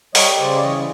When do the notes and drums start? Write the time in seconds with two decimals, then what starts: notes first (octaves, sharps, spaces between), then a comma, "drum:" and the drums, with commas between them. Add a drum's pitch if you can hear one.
0.15 G3 C#5 D#5, drum: open hi-hat
0.39 C#3 C5 D5
0.56 D5
0.62 E3 C#5 D#5